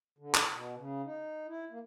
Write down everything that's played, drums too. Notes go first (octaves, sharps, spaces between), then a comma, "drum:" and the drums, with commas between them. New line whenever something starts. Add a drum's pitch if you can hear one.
D3
drum: clap
B2
C#3
D#4
E4
A#3